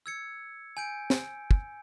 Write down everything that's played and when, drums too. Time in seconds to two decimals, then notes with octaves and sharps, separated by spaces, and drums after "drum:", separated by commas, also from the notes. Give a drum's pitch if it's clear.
0.06 E6 G#6 C#7
0.77 G#5 G6 D7
1.10 drum: snare
1.51 drum: kick